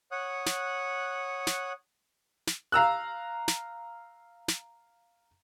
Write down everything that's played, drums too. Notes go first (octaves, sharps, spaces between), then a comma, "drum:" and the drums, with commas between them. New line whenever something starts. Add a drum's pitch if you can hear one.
C#5 F#5 D#6 F#6
drum: snare
drum: snare
drum: snare
F5 A#5 E6 F#6
drum: snare
drum: snare